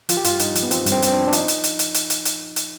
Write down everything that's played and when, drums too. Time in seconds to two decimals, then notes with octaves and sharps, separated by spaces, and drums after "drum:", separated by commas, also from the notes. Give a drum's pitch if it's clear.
0.09 F3 F4, drum: hi-hat
0.17 G4
0.24 G2 F4, drum: hi-hat
0.39 G2 D#4, drum: hi-hat
0.55 F3, drum: hi-hat
0.63 B3
0.71 F3 C4, drum: hi-hat
0.86 G2, drum: hi-hat
0.92 C4
1.02 G2 C4, drum: hi-hat
1.12 D4
1.17 F3
1.27 D4
1.33 F3 D#4, drum: hi-hat
1.48 drum: hi-hat
1.63 drum: hi-hat
1.79 drum: hi-hat
1.94 drum: hi-hat
2.10 drum: hi-hat
2.25 drum: hi-hat
2.56 drum: hi-hat